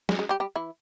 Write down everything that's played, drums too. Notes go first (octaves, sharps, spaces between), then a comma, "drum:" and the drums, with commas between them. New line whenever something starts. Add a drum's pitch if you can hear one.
G#3, drum: snare
G#3
G3 G4
G3 G4
E3 E4